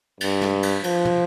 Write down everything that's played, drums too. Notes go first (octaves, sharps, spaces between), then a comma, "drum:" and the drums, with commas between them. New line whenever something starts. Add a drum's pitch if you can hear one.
G2, drum: cymbal
drum: snare
drum: cymbal
F3, drum: cymbal
drum: tom